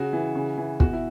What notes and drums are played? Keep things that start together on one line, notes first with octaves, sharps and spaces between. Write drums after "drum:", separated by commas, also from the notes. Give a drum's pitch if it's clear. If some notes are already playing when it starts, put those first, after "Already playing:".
Already playing: C#3 F#4
E3
C#3
E3
B2 F#4, drum: kick
E4